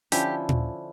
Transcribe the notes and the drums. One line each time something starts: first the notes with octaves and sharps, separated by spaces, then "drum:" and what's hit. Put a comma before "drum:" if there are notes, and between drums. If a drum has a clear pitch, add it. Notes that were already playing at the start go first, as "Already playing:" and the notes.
D3 F3 C#4 E4 G4, drum: hi-hat
drum: tom A#2